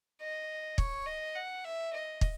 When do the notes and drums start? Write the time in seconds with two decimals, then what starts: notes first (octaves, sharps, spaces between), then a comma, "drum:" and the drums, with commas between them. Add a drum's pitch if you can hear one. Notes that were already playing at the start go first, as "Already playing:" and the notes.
0.21 D#5
0.78 C#5, drum: kick
1.07 D#5
1.36 F#5
1.64 E5
1.93 D#5
2.21 drum: kick